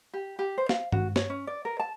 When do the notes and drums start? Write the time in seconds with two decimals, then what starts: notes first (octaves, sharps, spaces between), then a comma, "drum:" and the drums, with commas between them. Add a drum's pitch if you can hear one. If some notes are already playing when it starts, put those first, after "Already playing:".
0.14 G4
0.39 G4
0.58 C5
0.69 F5, drum: snare
0.92 F#4, drum: tom G2
1.16 C#5, drum: snare
1.30 C#4
1.47 D5
1.65 A#4
1.80 A5